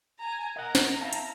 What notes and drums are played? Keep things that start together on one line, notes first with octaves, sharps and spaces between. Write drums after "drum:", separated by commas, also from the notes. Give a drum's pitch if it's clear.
G#5 A#5
A#4 D#5 F#5 A#5
drum: snare
C4 E4 F5 A5
drum: hi-hat